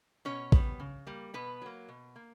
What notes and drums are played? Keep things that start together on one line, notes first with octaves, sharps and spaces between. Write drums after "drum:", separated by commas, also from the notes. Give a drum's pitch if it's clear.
B2 C#4 C#5
G3 B3, drum: kick
C#3
G3 A#3
B2 B3 B4
F#3 A#3
B2
A#3